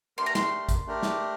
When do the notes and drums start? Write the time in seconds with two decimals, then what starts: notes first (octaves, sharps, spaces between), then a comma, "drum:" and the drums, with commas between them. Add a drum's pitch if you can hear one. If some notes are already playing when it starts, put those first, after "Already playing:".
0.18 A3 D4 G4 A#4 C6
0.26 A#5
0.35 C6, drum: snare
0.69 drum: kick A1, hi-hat
0.86 A3 D4 G4 A#4
1.03 drum: snare